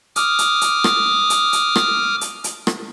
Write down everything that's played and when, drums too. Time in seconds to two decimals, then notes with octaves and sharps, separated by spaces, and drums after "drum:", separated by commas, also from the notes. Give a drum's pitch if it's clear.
0.16 D6 D#6 F6, drum: hi-hat
0.39 drum: hi-hat
0.61 drum: hi-hat
0.84 drum: rim click
1.30 drum: hi-hat
1.53 drum: hi-hat
1.76 drum: rim click
2.21 drum: hi-hat
2.44 drum: hi-hat
2.67 drum: rim click